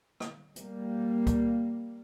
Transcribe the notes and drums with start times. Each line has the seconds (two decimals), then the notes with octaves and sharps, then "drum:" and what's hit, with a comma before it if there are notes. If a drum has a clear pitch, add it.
0.20 drum: rim click
0.56 G3 A#3, drum: hi-hat
1.27 drum: kick C#2, hi-hat